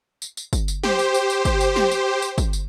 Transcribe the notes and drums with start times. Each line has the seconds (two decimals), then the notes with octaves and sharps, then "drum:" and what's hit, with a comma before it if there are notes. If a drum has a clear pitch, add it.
0.22 drum: tambourine
0.37 drum: tambourine
0.53 drum: kick, tambourine
0.68 drum: tambourine
0.84 G4 C5, drum: snare
0.99 drum: tambourine
1.14 drum: tambourine
1.30 drum: tambourine
1.45 drum: kick, tambourine
1.61 drum: tambourine
1.76 drum: snare
1.91 drum: tambourine
2.22 drum: tambourine
2.38 drum: kick, tambourine
2.53 drum: tambourine